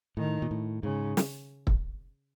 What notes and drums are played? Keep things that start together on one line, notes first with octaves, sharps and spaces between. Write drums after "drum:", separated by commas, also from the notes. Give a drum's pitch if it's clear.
A2 D#3
A#2
A2
G#2 C#3
drum: snare
drum: kick